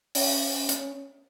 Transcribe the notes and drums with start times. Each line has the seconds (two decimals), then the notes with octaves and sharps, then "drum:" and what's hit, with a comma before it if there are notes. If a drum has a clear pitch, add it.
0.15 C#4, drum: open hi-hat
0.69 drum: hi-hat